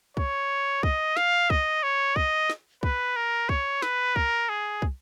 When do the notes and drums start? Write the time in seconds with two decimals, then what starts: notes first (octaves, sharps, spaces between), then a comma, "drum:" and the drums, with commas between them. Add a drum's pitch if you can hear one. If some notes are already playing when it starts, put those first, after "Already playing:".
0.17 C#5, drum: kick
0.83 D#5, drum: kick
1.17 F5, drum: snare
1.50 D#5, drum: kick
1.83 C#5
2.16 D#5, drum: kick
2.50 drum: snare
2.83 B4, drum: kick
3.16 A#4
3.49 C#5, drum: kick
3.82 B4, drum: snare
4.16 A#4, drum: kick
4.49 G#4
4.82 drum: kick